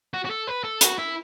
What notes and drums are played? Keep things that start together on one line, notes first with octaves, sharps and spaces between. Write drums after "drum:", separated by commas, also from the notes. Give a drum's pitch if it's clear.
F#4
F#4
A4
B4
A4
F#4, drum: hi-hat
E4